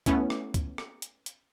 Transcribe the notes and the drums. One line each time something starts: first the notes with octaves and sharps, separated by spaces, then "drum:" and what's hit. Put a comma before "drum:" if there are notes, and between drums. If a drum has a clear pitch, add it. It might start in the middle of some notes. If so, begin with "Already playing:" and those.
A3 B3 C#4 E4, drum: kick C#2, hi-hat
drum: rim click
drum: kick C#2, hi-hat
drum: rim click
drum: hi-hat
drum: hi-hat